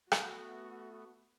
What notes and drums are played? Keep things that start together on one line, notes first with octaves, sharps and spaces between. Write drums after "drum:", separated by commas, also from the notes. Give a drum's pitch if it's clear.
A3 B3 F#4, drum: rim click